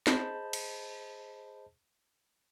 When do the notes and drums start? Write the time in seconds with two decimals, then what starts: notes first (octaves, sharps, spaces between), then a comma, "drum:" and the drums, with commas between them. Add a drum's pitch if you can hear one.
0.07 G#4 C5 D#5 A5 B5 G6, drum: snare
0.53 drum: cymbal